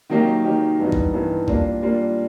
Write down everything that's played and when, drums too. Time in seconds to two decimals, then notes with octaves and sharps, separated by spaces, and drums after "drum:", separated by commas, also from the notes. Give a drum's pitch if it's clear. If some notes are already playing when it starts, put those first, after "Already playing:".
0.10 D#3 F#3 A#3 D#4 G4
0.44 D#3 F#3 A#3 D#4 G4
0.79 G2 E3 G3 B3 D#4
0.92 drum: kick A#1
1.13 G2 E3 G3 B3 D#4
1.48 G3 A#3 D4 F4, drum: kick A#1
1.82 G3 A#3 D4 F4